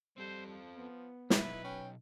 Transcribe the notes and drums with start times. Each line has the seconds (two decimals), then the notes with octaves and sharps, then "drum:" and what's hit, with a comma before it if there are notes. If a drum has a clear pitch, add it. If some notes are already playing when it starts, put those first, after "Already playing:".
0.18 G3 C4 A4 C5
0.47 F3
0.76 B3
1.30 B2 F#3 D#4 E4 B4, drum: snare
1.64 C#4 G5